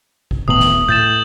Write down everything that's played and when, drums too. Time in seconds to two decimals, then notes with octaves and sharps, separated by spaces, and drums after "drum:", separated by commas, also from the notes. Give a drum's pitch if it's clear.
0.31 drum: kick A1
0.48 D1 A2 B3 D#6 F#7
0.60 drum: snare
0.89 A2 G6 A6 E7